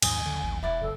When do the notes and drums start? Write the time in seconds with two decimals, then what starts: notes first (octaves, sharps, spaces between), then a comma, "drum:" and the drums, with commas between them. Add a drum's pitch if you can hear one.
0.02 A#1 D#2 G#2 F#3 D#5 G#5, drum: cymbal
0.26 D3
0.43 A1
0.63 E1 E4 D5 F#5
0.81 F#1 A4